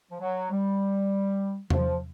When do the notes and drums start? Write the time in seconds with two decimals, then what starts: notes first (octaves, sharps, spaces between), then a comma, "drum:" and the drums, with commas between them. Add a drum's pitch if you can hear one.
0.11 F3
0.20 F#3
0.51 G3
1.70 F3, drum: tom E2